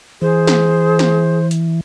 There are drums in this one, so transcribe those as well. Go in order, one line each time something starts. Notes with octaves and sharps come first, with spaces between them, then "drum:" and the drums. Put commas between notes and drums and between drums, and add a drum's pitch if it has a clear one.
E3 G#4 C5
drum: snare
drum: snare
drum: hi-hat